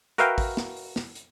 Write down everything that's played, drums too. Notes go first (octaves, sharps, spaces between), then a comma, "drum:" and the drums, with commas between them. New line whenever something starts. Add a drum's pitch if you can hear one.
F#4 A#4 B4 E5 F5 G5, drum: hi-hat
drum: kick, open hi-hat
drum: snare
drum: open hi-hat
drum: snare
drum: hi-hat